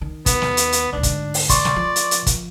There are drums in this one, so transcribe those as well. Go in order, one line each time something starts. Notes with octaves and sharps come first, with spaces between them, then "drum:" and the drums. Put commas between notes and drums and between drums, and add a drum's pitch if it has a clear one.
D#3
D#2 B3, drum: kick, hi-hat
drum: snare
drum: hi-hat
drum: hi-hat
D2 G#2 D4
drum: kick, hi-hat
drum: open hi-hat
D5 C6 C#6, drum: kick, hi-hat
drum: snare
F3
drum: hi-hat
drum: hi-hat
drum: kick, hi-hat